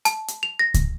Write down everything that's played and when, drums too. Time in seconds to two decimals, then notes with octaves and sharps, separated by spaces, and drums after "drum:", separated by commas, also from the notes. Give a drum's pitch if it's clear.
0.05 A5, drum: hi-hat
0.28 drum: hi-hat
0.43 F7
0.59 A#6
0.74 drum: kick C#2, hi-hat